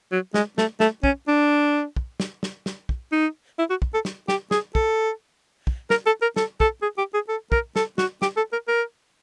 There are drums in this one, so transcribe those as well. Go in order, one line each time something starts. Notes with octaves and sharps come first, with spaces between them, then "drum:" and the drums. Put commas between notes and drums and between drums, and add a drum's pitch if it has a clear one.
F#3
G#3, drum: snare
A3, drum: snare
A3, drum: snare
C#4, drum: kick
D4
drum: kick
drum: snare
drum: snare
drum: snare
drum: kick
D#4
E4
F#4
drum: kick
A4
drum: snare
G4, drum: snare
G#4, drum: snare
A4, drum: kick
drum: kick
A#4, drum: snare
A4
A#4
A4, drum: snare
A4, drum: kick
G#4
G4
G#4
A4
A#4, drum: kick
A4, drum: snare
F#4, drum: snare
G4, drum: snare
A4
A#4
A#4